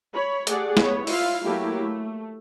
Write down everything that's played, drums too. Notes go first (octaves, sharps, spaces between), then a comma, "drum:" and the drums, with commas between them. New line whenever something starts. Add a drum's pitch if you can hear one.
C#5 B5
A3 G4 G#4 D5 F#5, drum: hi-hat
B3 C#5, drum: snare
E4 F4 F5, drum: open hi-hat
F#3 A3 A#3 E4 G4
A3